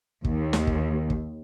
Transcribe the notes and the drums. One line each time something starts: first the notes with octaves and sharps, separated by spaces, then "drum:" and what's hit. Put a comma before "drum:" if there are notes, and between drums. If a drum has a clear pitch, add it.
D#2, drum: kick
drum: snare
drum: kick
drum: kick